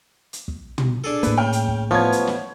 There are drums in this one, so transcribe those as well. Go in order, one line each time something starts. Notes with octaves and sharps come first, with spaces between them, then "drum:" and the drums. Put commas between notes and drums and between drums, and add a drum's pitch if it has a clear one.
drum: hi-hat
drum: kick
drum: tom
D4 G#4 A4
A2 A#3 B4, drum: hi-hat
C#3 G5 F6
drum: hi-hat
drum: kick
A1 F3 B3 C#5 G#6
drum: hi-hat
drum: snare